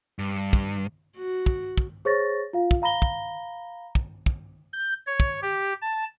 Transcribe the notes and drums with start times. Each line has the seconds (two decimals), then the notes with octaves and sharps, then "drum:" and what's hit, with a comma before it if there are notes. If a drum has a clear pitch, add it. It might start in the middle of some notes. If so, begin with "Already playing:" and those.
0.19 G2
0.53 drum: kick
1.17 F#4
1.46 drum: kick
1.77 drum: kick
2.05 G#4 C5 C#5 C#6 A6 A#6
2.53 F4 F5
2.71 drum: kick
2.82 F5 A#5 B5 A#6 G7
3.02 drum: kick
3.95 drum: kick
4.26 drum: kick
4.73 G6
5.07 C#5
5.20 drum: kick
5.42 G4
5.82 A5